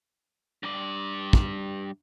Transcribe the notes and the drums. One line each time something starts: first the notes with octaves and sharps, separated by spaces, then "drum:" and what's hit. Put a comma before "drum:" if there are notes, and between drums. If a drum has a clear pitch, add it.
G2 D5
drum: kick